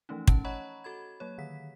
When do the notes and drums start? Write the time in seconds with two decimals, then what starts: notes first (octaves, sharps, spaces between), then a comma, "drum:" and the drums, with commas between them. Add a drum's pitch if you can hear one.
0.09 E3 F3 A3 C#4 D#4
0.28 C#4 A5, drum: kick
0.44 C#5 D#5 F#5 A#5 B5 C#6
0.84 F#4 A4 B5 G#6
1.20 F#3 A#3 C#5
1.38 D3 D#3 B6